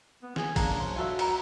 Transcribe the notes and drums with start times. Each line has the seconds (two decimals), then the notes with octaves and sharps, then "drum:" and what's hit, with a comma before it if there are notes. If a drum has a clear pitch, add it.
0.22 B3
0.36 G#4, drum: snare
0.56 A#3 C#4 D4, drum: kick, cymbal
0.80 F#3 C5
0.96 F4 F#4 A4 E5
1.19 B3 A#4, drum: cymbal